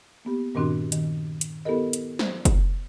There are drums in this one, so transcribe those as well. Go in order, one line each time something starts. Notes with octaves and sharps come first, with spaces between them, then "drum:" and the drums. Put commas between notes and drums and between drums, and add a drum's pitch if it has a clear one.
A#3 B3 G4
G2 A#2 D#3 C4 D4 F#4
D#3, drum: hi-hat
drum: hi-hat
B3 E4 G4 A4 A#4 D#5
drum: hi-hat
C5, drum: snare
drum: kick, hi-hat